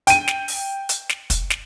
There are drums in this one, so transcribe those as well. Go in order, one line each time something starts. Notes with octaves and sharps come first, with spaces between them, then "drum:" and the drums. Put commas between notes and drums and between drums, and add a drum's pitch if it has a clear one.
G5 D#7, drum: hi-hat
drum: snare
drum: open hi-hat
drum: hi-hat
drum: snare
drum: kick, hi-hat
drum: snare